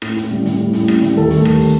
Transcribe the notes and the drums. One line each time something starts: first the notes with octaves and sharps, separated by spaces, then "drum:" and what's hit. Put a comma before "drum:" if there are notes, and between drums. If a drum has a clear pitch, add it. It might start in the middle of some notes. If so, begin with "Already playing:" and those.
A2, drum: rim click
A2, drum: hi-hat
G3
G3, drum: hi-hat
A2
A2, drum: hi-hat
G3, drum: rim click
G3, drum: hi-hat
D#2 A4
A3, drum: hi-hat
D#2, drum: rim click
D#3, drum: open hi-hat